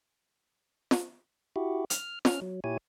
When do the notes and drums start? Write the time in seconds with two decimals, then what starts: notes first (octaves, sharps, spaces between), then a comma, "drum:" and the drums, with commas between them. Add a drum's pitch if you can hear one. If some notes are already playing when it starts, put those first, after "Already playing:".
0.91 drum: snare
1.56 E4 F#4 G4
1.90 F6, drum: hi-hat
2.25 C#4 F6, drum: snare
2.42 F#3
2.64 A#2 E4 G4 C#5 G#5